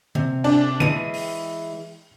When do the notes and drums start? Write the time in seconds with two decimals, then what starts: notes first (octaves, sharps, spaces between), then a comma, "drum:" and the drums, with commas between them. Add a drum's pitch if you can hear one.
0.15 C3, drum: tom
0.44 D4, drum: cymbal
0.80 E3 G#3 D#7, drum: tom
1.14 drum: open hi-hat